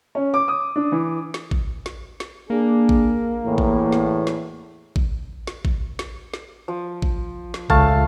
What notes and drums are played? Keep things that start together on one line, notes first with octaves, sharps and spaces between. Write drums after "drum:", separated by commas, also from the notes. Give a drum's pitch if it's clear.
C#4
D6
D#6
D4
E3
drum: snare
drum: kick A1
drum: snare
drum: snare
A#3 D4 G#4
drum: kick A1
E2 A2 E3
drum: kick A1
drum: snare
drum: snare
drum: kick A1
drum: snare
drum: kick A1
drum: snare
drum: snare
F3
drum: kick A1
drum: snare
C#2 A3 F5 A5, drum: kick A1